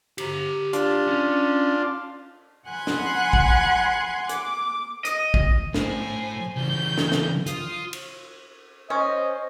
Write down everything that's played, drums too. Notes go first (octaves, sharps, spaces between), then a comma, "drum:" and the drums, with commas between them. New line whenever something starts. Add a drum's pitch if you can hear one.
G4 A#5, drum: cymbal
D4 F4, drum: hi-hat
C#4
F#5 G#5 B5 C6 F#6 G#6
drum: snare
drum: kick
D6, drum: hi-hat
D#5, drum: hi-hat
drum: kick
A2 C5 G#5, drum: snare
C#3 E3 G6
drum: snare
drum: snare
F4 D#6, drum: hi-hat
drum: cymbal
C#4 C5 D#5